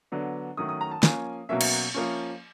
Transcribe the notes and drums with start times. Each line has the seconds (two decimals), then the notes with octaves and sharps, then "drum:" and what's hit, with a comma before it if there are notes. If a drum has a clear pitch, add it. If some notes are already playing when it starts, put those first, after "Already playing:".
0.12 D3 F#3 B3 D4
0.57 D#3 F#3 A3 C#4 D#6
0.69 D#6
0.81 A#5
0.91 A5
1.03 F3 A#3 C#4 G#5, drum: snare
1.49 B2 F#3 A#3 C#4 E5
1.61 drum: cymbal
1.94 F3 A#3 C#4